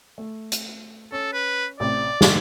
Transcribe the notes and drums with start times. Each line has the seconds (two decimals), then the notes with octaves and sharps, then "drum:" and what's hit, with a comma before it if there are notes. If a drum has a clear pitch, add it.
0.18 A3
0.52 drum: hi-hat
1.12 C#4 A4
1.33 B4
1.80 A1 C3 D5
2.21 G2 A4 D#5, drum: snare